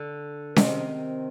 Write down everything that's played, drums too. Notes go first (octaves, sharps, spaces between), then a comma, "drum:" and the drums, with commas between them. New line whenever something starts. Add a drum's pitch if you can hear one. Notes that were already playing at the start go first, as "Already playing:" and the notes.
Already playing: D3
C3 D#3, drum: snare C#4